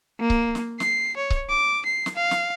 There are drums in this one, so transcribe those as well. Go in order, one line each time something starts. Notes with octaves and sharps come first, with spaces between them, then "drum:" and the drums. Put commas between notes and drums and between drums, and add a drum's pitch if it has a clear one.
A#3
drum: kick C#1
drum: snare
C7, drum: snare
C#5
drum: kick C#1
D6
C7
drum: snare
F5
drum: snare